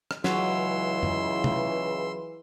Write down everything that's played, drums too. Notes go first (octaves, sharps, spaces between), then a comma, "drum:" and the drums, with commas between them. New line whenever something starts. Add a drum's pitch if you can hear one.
drum: rim click
C#2 C#3 E3 F#3 C6 E6, drum: snare
drum: tom
drum: tom